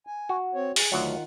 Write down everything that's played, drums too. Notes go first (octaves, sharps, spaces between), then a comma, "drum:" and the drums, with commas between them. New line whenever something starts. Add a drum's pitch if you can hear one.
G#5
F#4
C4 C#5
G#4, drum: open hi-hat
D2 D#3 F#3 F4 F#5